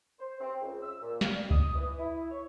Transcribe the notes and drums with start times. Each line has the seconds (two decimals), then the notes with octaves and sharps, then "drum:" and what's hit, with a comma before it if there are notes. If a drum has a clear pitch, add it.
0.20 C5
0.40 C4
0.62 C#2
0.83 E6
1.02 A#2
1.21 F5, drum: snare
1.35 G3
1.50 D#6, drum: kick C#2
1.76 E3
1.98 E4
2.31 C#5